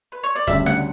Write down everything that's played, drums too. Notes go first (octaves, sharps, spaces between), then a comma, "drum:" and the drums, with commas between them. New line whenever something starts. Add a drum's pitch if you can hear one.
B4
C#5
D5
D2 C#3 G3 D4 E5, drum: kick, hi-hat
F#5, drum: snare D4